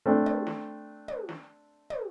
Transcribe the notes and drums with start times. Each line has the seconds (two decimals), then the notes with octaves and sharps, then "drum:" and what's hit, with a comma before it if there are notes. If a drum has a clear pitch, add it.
0.06 A3 C4 D4
0.26 drum: tom
0.47 drum: snare
1.08 drum: tom
1.29 drum: snare
1.90 drum: tom